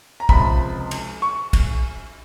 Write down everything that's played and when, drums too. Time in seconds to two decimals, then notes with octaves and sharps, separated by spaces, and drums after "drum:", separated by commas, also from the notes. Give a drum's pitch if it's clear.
0.20 A#5
0.29 C#2 C3 F3 B5, drum: kick
0.91 drum: cymbal
1.22 C#6
1.53 drum: kick, cymbal